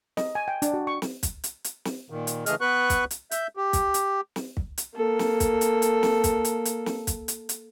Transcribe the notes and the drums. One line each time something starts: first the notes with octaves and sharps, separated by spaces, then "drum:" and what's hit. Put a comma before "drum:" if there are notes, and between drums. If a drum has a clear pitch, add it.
D#5, drum: snare
G#5
G5
D4, drum: hi-hat
F#4
C#6
drum: snare
drum: kick, hi-hat
drum: hi-hat
drum: hi-hat
drum: snare
A#2 D#3
drum: hi-hat
C#3 E3 A3 G#4 D#5 F6, drum: hi-hat
B3 B4 C#6 F#6
drum: kick, hi-hat
drum: hi-hat
E5 G6, drum: hi-hat
G4
drum: kick, hi-hat
drum: hi-hat
drum: snare
drum: kick
drum: hi-hat
A#3 A4
drum: snare
drum: kick, hi-hat
drum: hi-hat
drum: hi-hat
drum: snare
drum: kick, hi-hat
drum: hi-hat
drum: hi-hat
drum: snare
drum: kick, hi-hat
drum: hi-hat
drum: hi-hat